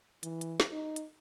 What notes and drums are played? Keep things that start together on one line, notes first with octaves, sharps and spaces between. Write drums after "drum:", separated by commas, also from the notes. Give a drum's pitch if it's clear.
E3, drum: hi-hat
drum: hi-hat
drum: snare
D#4
drum: hi-hat